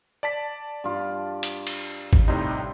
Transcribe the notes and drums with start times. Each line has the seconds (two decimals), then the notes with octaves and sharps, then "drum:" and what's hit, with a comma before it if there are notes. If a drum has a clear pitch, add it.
0.23 D5 A5 B6
0.84 G2 F4
1.43 drum: hi-hat
1.67 drum: cymbal
2.13 drum: kick G#1
2.28 A2 C3 G3 D#4 C6